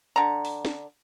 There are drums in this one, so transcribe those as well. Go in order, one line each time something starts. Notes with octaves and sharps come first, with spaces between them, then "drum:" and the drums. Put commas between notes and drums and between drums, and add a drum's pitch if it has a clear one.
D3 A#5
drum: open hi-hat
drum: snare